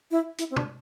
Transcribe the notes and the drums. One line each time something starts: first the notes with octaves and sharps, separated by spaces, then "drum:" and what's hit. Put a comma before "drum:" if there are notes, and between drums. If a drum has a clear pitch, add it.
E4
E4, drum: hi-hat
C4
D4, drum: tom